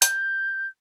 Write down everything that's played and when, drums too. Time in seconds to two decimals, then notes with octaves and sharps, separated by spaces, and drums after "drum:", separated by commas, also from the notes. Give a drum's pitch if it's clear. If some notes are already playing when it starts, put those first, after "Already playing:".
0.02 G6, drum: hi-hat